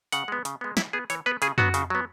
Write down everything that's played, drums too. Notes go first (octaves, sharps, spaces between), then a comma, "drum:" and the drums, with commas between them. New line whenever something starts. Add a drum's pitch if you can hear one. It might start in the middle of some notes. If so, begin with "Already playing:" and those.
C#3 F#5, drum: hi-hat
G#3 B3
C#3, drum: hi-hat
G#3 B3
E3 E4, drum: snare
B3 G#4
E3 C#5, drum: hi-hat
B3 B4
C#3 G#4, drum: hi-hat
F#3 B3 F#4, drum: tom
C#3, drum: hi-hat
F#3 B3